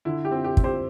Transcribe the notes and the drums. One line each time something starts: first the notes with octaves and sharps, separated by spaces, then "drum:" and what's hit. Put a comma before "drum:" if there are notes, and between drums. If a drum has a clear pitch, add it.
D3 E4
G4
C4
G4
C4, drum: kick
G4 C5